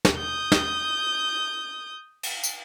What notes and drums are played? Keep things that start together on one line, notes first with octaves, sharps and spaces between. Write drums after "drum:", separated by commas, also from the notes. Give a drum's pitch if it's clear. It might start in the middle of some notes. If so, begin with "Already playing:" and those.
drum: snare
D#6 G6
drum: snare
drum: cymbal
drum: tambourine